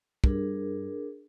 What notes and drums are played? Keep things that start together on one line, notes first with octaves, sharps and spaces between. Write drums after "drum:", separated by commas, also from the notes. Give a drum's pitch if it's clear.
G2 D4 G#4 A#4, drum: kick